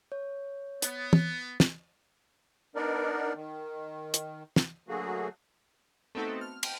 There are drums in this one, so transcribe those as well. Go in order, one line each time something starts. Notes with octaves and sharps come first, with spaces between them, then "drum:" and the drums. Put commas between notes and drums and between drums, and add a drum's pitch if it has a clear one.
C#5
B3, drum: hi-hat
drum: tom
drum: snare
B3 D4 D#4 A#4 D5
D#3
drum: hi-hat
drum: snare
D3 F#3 A3 A#3 F#4 G#4
A3 B3 C4 D#4 F#4 A4
F6
G5 F6, drum: cymbal